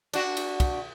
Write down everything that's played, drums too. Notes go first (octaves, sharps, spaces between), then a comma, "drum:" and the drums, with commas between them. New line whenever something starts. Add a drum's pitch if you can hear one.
D4 F#4, drum: cymbal
drum: cymbal
drum: kick, cymbal